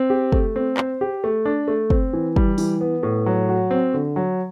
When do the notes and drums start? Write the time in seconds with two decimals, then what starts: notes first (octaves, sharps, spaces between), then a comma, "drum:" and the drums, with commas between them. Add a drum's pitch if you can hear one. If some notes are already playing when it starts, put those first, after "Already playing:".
Already playing: C4
0.10 G4
0.32 A3, drum: kick
0.56 C4
0.77 C5, drum: clap
1.01 G4
1.24 A3
1.45 D4
1.68 A3
1.90 C4, drum: kick
2.13 E3
2.36 G3, drum: kick
2.58 E3, drum: open hi-hat
2.81 B3
3.03 A2
3.26 F#3
3.49 F#4
3.71 C4
3.94 D3
4.16 F#3